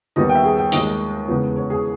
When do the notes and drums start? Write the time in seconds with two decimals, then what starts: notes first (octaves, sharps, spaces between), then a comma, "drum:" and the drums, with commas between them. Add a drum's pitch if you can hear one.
0.16 D#2 D#3 G3 B3 D#5
0.29 G5
0.35 E5
0.44 G#4
0.58 G5
0.72 D#2 D#3 G#3 D#5, drum: open hi-hat
0.86 D#5
1.28 E2 C#3 G#3 B3
1.56 C#5
1.70 G#4